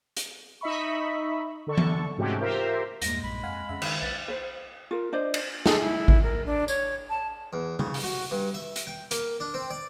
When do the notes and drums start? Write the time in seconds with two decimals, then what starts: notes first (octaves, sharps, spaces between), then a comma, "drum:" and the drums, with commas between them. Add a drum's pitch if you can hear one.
0.17 drum: hi-hat
0.61 D#4 D#5 E5 B5 C#6
1.67 D3 A4 C#6
1.78 drum: tom E3
2.18 G#2 C3 A3 C#4 F#4 G4
2.41 F4 G4 A#4 C5 E5
3.02 E2 G2 A#2 G#3 A#6, drum: hi-hat
3.23 B1 B5
3.43 F2 F5 F#5 G#5
3.69 F2 C#3 E5
3.82 D#3, drum: cymbal
4.02 B1 B4 A6
4.28 B4 C5
4.91 F4 A#4
5.12 D4 C5 D5 D#5
5.34 drum: cymbal
5.66 A4, drum: snare
5.81 E4
6.08 drum: kick G#1
6.23 A#4
6.46 D4
6.68 C#5, drum: tambourine
7.10 A5
7.53 E2
7.79 C#3, drum: tom C3
7.94 drum: open hi-hat
8.04 F#4
8.31 G2
8.54 E5
8.76 drum: hi-hat
8.87 G5
9.11 A#3, drum: hi-hat
9.40 D4
9.54 C4
9.70 D5